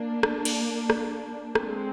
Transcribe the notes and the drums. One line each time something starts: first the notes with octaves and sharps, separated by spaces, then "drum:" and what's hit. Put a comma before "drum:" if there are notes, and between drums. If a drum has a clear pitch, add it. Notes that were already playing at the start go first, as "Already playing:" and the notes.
Already playing: A#3 D4
drum: rim click
drum: cymbal
drum: rim click
G#3 C4, drum: rim click